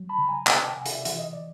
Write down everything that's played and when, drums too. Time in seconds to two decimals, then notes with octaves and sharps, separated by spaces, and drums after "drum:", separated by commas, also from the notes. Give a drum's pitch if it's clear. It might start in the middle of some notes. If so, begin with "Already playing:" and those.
Already playing: F#3
0.09 A5 B5
0.18 C#3
0.28 G#5 A#5
0.47 C3 G#5 A#5, drum: clap
0.62 G5 A5
0.76 C3 F#5 G#5
0.86 F5, drum: hi-hat
0.91 D5 E5
1.05 E3 E5, drum: hi-hat
1.19 D#5
1.33 D5